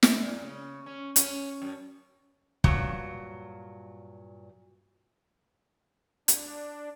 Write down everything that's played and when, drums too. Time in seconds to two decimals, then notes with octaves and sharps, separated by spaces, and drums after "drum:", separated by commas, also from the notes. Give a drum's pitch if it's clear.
0.03 drum: snare
0.21 A#2
0.42 C#3
0.86 C#4
1.16 C#4, drum: hi-hat
1.62 F#2
2.64 G2 A#2 F#3, drum: kick
6.28 D4, drum: hi-hat